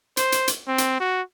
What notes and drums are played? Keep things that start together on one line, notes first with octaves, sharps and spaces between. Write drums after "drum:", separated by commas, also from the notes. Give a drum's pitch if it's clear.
C5, drum: hi-hat
drum: hi-hat
drum: hi-hat
C4
drum: hi-hat
F#4